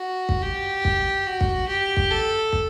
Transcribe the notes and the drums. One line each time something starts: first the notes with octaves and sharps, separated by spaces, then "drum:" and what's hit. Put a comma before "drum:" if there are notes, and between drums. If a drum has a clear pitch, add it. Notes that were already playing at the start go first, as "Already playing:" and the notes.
Already playing: F#4
drum: kick
G4
drum: kick
F#4
drum: kick
G4
drum: kick
A4
drum: kick